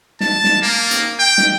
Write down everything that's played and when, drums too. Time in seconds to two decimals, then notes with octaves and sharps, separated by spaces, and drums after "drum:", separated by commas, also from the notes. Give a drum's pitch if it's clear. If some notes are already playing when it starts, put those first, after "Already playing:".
0.20 A5, drum: snare
0.44 drum: snare
0.62 A#3
0.91 drum: hi-hat
1.19 G5
1.38 drum: snare